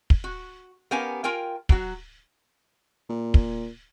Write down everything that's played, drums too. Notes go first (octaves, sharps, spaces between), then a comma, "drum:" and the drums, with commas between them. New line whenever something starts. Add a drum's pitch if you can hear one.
drum: kick
F#4
B3 C#4 G4 A#4 F5 G#5
F4 A#4 G5 G#5
F#3 F#4, drum: kick
A#2
drum: kick